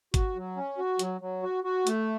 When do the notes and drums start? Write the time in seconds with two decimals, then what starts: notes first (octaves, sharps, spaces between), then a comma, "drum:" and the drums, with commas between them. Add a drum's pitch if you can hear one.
0.14 F#4, drum: kick, hi-hat
0.36 F#3
0.56 C#4
0.78 F#4
0.99 F#3, drum: hi-hat
1.21 F#3
1.43 F#4
1.64 F#4
1.87 A3, drum: hi-hat